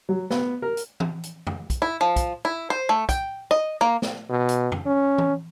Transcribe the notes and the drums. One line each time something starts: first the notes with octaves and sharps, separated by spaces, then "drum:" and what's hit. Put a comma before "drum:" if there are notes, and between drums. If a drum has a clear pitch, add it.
F#3
B3, drum: snare
A#4
drum: hi-hat
drum: tom E3
drum: hi-hat
drum: tom F2
drum: kick, hi-hat
E4
F3
drum: kick, hi-hat
E4
C5
A3
G5, drum: kick, hi-hat
D#5
A#3
drum: snare
B2
drum: hi-hat
drum: tom F2
C#4
drum: tom E3